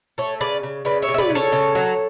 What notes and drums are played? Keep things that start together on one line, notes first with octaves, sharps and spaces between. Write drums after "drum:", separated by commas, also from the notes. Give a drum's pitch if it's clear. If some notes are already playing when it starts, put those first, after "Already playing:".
A3 A4 C#5
C#3 B4 D5
C#3
C#3 B4 D5
C#5 E5
C#3
E5
B4 D5, drum: tom
C#3
A4 C#5
C#3
F#3